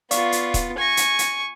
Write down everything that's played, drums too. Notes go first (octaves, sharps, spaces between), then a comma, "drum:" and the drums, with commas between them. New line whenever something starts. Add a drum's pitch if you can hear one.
B3 F4 D5 F5 C#6, drum: hi-hat
drum: hi-hat
drum: kick, hi-hat
G#5 C#6 G#6 A#6
drum: hi-hat
drum: hi-hat